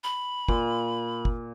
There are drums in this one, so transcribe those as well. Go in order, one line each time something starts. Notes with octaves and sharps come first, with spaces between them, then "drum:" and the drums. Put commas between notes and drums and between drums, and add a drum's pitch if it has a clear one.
B5
A#2, drum: kick
drum: kick